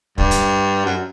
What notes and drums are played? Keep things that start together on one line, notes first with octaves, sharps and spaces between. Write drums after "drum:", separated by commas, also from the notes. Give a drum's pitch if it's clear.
G2, drum: kick
drum: hi-hat
F#2